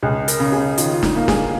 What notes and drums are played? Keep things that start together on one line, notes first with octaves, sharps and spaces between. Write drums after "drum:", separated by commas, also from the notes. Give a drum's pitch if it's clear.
C#2 G#4
A#4, drum: hi-hat
C#3
G#4
D#3 F4, drum: hi-hat
F4
D#4, drum: snare
A#3
G#4, drum: snare